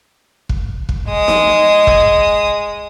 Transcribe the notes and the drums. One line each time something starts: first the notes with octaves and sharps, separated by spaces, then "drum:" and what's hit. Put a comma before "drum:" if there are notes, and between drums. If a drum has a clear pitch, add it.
drum: kick
drum: kick
G#3 D#6
drum: snare
drum: kick